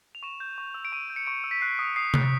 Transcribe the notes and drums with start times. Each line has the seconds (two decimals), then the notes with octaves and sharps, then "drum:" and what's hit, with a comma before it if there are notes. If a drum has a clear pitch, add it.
0.15 F7
0.23 C#6 E7
0.40 G6
0.58 C#6
0.74 E6
0.85 D7
0.92 C#6 D#7
1.10 G6
1.16 C#7
1.26 C#6 D7
1.44 E6
1.51 B6
1.61 F#6 C7
1.79 D#6
1.96 D#6 C7
2.14 F#6, drum: tom C3